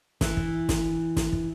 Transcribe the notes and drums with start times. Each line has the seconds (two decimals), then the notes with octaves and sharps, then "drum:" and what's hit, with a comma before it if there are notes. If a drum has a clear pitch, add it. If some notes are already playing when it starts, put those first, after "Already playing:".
0.21 E3, drum: snare
0.37 drum: kick
0.69 drum: snare
1.17 drum: snare
1.32 drum: kick